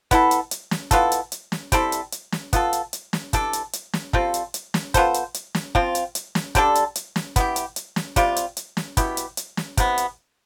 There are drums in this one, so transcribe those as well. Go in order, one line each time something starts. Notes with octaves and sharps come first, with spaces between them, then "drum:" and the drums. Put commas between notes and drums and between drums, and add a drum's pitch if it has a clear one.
B3 E4 A4, drum: kick, hi-hat
drum: hi-hat
drum: hi-hat
drum: snare
E3 B3 F4 A4, drum: kick, hi-hat
drum: hi-hat
drum: hi-hat
drum: snare
G3 C4 E4 A4, drum: kick, hi-hat
drum: hi-hat
drum: hi-hat
drum: snare
B3 F4 A4, drum: kick, hi-hat
drum: hi-hat
drum: hi-hat
drum: snare
E3 G3 D4 A4, drum: kick, hi-hat
drum: hi-hat
drum: hi-hat
drum: snare
G3 C4 F4 A4, drum: kick
drum: hi-hat
drum: hi-hat
drum: snare
B3 F4 A4 C5, drum: kick, hi-hat
drum: hi-hat
drum: hi-hat
drum: snare
F3 C4 F4, drum: kick
drum: hi-hat
drum: hi-hat
drum: snare
D3 G3 D4 A4, drum: kick, hi-hat
drum: hi-hat
drum: hi-hat
drum: snare
B3 E4 G4, drum: kick, hi-hat
drum: hi-hat
drum: hi-hat
drum: snare
C3 G3 C4 F4, drum: kick, hi-hat
drum: hi-hat
drum: hi-hat
drum: snare
B2 B3 E4 G4, drum: kick, hi-hat
drum: hi-hat
drum: hi-hat
drum: snare
C3 E3 B3, drum: kick, hi-hat
drum: hi-hat